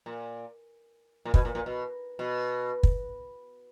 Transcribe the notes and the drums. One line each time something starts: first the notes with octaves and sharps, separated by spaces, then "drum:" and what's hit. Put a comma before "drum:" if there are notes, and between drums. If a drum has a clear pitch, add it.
A#2
A#2
B2, drum: kick
A#2
A#2
B2
B2
drum: kick